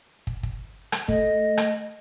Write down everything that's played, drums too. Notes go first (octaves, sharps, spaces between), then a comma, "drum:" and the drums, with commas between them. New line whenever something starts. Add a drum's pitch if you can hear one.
drum: kick
drum: kick
drum: rim click
A3 D#5, drum: kick
drum: rim click